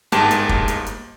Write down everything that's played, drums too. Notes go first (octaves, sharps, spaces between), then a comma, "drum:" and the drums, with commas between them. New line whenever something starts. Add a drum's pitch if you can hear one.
G1 G#2 G#3 A#3 G4 A5, drum: hi-hat
drum: hi-hat
drum: kick
drum: hi-hat
drum: hi-hat